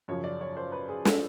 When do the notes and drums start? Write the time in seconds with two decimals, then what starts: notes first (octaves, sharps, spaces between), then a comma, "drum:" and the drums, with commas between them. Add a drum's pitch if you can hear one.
0.08 F#2 C#3 F3 C#5
0.24 D5
0.41 C#5
0.57 C5
0.72 B4
0.89 G#4
1.05 A4, drum: snare